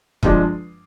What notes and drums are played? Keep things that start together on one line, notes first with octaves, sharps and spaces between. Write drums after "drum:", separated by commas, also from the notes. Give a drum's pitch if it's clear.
G2 F3 G#3 D4, drum: kick